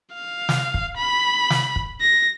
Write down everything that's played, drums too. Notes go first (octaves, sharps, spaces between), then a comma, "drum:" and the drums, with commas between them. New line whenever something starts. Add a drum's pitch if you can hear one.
F5
drum: snare
drum: kick
B5
drum: snare
drum: kick
A#6